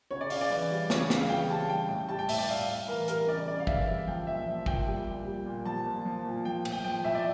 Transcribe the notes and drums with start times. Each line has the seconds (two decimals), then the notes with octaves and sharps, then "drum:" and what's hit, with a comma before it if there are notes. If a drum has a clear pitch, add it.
0.11 C#3 C#5
0.21 D5
0.30 C#3 F5, drum: open hi-hat
0.41 D5
0.50 E3
0.71 G3
0.90 C#3 C#5, drum: snare
1.10 C#3, drum: snare
1.16 F5
1.29 E3 G5
1.49 G3 A5
1.69 G3 G5
1.89 A2 G5
2.09 G3 A5
2.19 G5
2.29 A2 E5, drum: open hi-hat
2.38 D5
2.49 A2 F5
2.68 A2
2.88 E3 A#4
3.08 G3 A#4, drum: hi-hat
3.27 C#3 D5
3.47 C#3 D5
3.60 F5
3.67 E3 E5, drum: kick
3.88 G3
4.07 F3 G5
4.27 A#2 E5
4.47 F3
4.66 A#2 G5, drum: kick
4.86 G3
5.07 A#2
5.25 G3
5.46 A#2
5.66 F3 A5
5.86 A#2
6.05 F3
6.25 A#2
6.45 F3 G5
6.65 A2, drum: cymbal
6.72 G5
6.84 F3 G5
7.04 A2 E5
7.15 D5